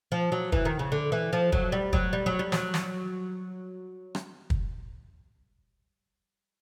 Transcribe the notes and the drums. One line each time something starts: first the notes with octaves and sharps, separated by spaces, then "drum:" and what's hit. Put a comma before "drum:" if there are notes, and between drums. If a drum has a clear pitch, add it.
F3
F#3
E3, drum: kick
D#3
C#3
D3
E3
F3
F#3, drum: kick
G3
F#3, drum: kick
G3
F#3
G3
F#3, drum: snare
drum: snare
drum: rim click
drum: kick